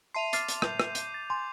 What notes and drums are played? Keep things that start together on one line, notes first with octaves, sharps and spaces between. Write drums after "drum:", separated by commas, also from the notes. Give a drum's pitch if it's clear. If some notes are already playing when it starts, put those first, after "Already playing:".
E5 A5 C6 C7 D#7 F7
D6 F6 A6 C7, drum: hi-hat
drum: hi-hat
G6, drum: rim click
drum: rim click
drum: hi-hat
A6
G#5 C6